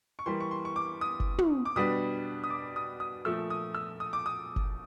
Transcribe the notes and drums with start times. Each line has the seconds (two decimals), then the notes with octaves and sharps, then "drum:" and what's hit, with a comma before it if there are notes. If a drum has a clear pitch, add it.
0.19 C#6
0.26 E3 G3 A#3 C6
0.40 C#6
0.51 C6
0.65 C#6
0.76 D6
1.01 D#6
1.20 drum: kick F#1
1.38 drum: tom
1.65 D6
1.76 B2 G3 B3 D4 D#6
2.44 D#6
2.50 D6
2.76 D#6
3.00 D#6
3.25 A#2 F3 A3 E6
3.50 D#6
3.75 E6
4.00 D#6
4.13 D6
4.26 D#6
4.56 drum: kick F#1